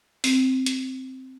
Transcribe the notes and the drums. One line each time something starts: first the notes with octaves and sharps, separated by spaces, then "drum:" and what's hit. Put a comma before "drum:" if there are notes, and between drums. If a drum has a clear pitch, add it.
C4, drum: open hi-hat
drum: hi-hat